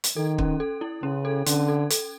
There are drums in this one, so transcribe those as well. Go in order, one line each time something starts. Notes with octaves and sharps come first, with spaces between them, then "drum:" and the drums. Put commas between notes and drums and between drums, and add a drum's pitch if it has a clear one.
drum: hi-hat
D#3 A4
C#4, drum: kick
A4
E4
C#3 C#4
A4
D3 C#4, drum: hi-hat
A4
A4, drum: hi-hat